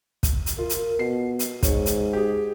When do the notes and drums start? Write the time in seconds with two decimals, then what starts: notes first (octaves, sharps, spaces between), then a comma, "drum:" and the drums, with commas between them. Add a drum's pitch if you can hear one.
0.23 drum: kick, hi-hat
0.46 drum: hi-hat
0.58 F4 A#4
0.69 drum: hi-hat
0.99 B2 C7
1.39 drum: hi-hat
1.63 G#2 C#5, drum: kick, hi-hat
1.86 drum: hi-hat
2.13 G4 G#4